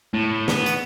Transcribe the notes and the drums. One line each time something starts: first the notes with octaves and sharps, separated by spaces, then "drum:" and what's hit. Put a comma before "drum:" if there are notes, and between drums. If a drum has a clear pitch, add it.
A2
B3, drum: snare
drum: hi-hat